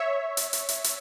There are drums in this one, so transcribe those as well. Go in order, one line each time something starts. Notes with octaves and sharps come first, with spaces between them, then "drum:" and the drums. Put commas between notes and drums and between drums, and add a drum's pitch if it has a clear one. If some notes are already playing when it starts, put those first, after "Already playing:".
Already playing: C#5 E5
drum: hi-hat
drum: hi-hat
drum: hi-hat
drum: hi-hat